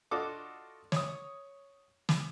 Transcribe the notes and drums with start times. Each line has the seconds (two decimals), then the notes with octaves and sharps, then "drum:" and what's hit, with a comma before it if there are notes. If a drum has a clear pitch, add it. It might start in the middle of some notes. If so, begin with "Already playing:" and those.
0.11 D4 F4 F#4 A4 D#5 D6
0.92 C#5 D#6, drum: snare
2.09 drum: snare